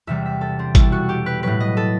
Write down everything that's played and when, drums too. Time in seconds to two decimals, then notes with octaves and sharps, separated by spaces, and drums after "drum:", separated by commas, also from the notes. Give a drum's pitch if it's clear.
0.07 E2 C3 E3 G3 E5
0.25 E5
0.41 A4
0.59 C4
0.75 B2 G3 E4, drum: kick G#1, hi-hat
0.92 F#4
1.09 G4
1.26 B4
1.43 A2 F#3 B4
1.60 D#5
1.77 A4